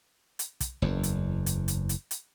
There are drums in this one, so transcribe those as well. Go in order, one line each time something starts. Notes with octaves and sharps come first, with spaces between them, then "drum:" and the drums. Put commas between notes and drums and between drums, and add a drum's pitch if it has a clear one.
drum: hi-hat
drum: kick, hi-hat
F#1 E2
drum: hi-hat
drum: hi-hat
drum: hi-hat
drum: hi-hat
drum: hi-hat